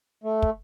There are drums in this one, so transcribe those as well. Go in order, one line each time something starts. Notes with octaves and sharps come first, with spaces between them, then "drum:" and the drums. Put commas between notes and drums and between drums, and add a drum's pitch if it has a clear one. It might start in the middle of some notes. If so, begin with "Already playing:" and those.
A3
drum: kick